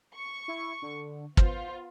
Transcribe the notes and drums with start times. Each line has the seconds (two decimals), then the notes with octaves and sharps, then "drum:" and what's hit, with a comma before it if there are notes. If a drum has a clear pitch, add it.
0.15 C#6
0.48 E4
0.82 D3
1.37 B3 F4 C5, drum: kick